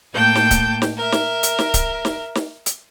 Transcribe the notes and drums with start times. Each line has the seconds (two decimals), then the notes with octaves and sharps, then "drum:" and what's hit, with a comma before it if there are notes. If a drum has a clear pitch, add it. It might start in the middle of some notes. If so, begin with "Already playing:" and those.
0.13 A2 A#3 G5 A5 G6
0.35 drum: snare
0.51 drum: kick C#1, hi-hat
0.82 drum: snare
0.97 A#4 E5
1.12 drum: snare
1.43 drum: hi-hat
1.59 drum: snare
1.74 drum: kick C#1, hi-hat
2.05 drum: snare
2.35 drum: snare
2.66 drum: hi-hat